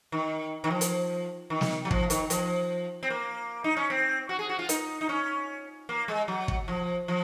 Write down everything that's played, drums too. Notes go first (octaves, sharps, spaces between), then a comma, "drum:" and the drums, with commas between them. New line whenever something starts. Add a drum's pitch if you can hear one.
D#3
D#3
F3
drum: hi-hat
D#3
drum: snare
F#3
F3, drum: kick
D#3, drum: hi-hat
F3, drum: hi-hat
C4
A#3
D#4
C#4
C4
F#4
G#4
F#4
F4
D#4, drum: hi-hat
D#4
C#4
A#3
G#3
F#3
drum: kick
F3
F3